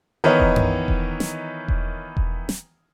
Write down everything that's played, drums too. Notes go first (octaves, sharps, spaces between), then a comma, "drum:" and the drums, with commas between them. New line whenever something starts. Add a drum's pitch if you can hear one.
D#3 E3 B3 A#4 C#5 D#5
drum: kick E1
drum: tom F#2
drum: kick E1
drum: snare
drum: kick E1
drum: kick E1
drum: snare